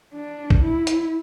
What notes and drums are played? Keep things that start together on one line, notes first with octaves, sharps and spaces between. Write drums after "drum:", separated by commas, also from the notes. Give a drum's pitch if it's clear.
D4
drum: kick
E4
drum: hi-hat